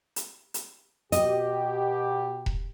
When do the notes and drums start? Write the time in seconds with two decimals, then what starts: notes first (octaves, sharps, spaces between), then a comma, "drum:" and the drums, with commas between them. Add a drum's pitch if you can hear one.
0.16 drum: hi-hat
0.54 drum: hi-hat
1.12 B2 G4 D#5, drum: hi-hat
2.46 drum: kick E1